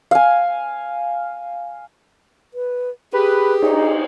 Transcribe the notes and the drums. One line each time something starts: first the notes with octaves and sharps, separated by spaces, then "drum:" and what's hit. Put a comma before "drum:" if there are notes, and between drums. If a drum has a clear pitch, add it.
F5 G#5
B4
G4 G#4 B4
D#4, drum: cymbal